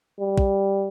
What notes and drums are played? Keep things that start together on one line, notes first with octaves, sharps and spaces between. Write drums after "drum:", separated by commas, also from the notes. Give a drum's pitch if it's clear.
G3
drum: kick